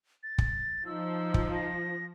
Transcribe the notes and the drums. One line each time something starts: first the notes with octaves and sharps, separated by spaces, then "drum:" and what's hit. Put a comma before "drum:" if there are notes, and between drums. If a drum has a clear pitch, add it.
A6
drum: kick
F3 D#4 E6
drum: kick
A#6